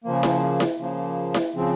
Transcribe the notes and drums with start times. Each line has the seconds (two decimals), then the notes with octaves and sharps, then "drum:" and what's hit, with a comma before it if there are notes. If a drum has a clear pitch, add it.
0.04 C#3 F3 A#3
0.23 drum: snare E4
0.60 drum: snare E4
0.78 C#3 F3 A#3
1.34 drum: snare E4
1.55 C#3 F3 C4